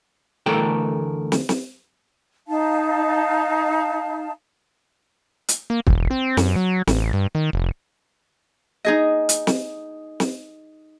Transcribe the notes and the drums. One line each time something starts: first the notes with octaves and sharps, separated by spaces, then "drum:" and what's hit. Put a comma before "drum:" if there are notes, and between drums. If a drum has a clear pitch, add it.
D2 E3 A3 A4 A#4 G5
drum: snare
drum: snare
D#4 F5 A5
drum: hi-hat
A#3
E1, drum: kick
C4
F#2, drum: snare
F#3
A1, drum: snare
G2
D#3
F1
D#4 G#4 D#5
drum: hi-hat
drum: snare
drum: snare